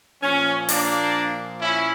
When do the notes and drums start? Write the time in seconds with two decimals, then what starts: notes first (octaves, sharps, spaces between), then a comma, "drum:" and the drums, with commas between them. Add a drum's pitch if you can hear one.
0.22 A#2 F3 C#4
0.69 A#3 D4, drum: open hi-hat
1.61 C#4 E4